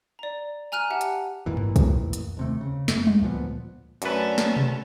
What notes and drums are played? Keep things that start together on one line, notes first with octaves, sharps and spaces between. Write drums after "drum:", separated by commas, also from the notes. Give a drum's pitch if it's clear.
D5 A#5
G#5 A#5 F6 F#6 D#7
G4 E5 F#5 A5
drum: hi-hat
A1 F2 A#2 E3
drum: tom G2
drum: kick, hi-hat
drum: hi-hat
D#2 C3 A3
C#3
F#2 A3, drum: snare
drum: tom G3
D2 A#2 F3 B3
F#2 A3 C#4 D4 A4 B4, drum: hi-hat
drum: snare
drum: tom B2